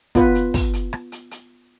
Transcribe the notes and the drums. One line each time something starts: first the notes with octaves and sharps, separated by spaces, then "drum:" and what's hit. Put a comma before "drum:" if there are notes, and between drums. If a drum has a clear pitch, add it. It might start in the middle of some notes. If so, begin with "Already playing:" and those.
B3 F4 B4 F#5, drum: kick, hi-hat
drum: hi-hat
drum: kick, open hi-hat
drum: hi-hat
drum: rim click
drum: hi-hat
drum: hi-hat